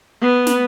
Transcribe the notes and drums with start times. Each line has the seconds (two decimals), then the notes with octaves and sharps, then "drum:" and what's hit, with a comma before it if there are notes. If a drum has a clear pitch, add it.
0.21 B3
0.47 drum: snare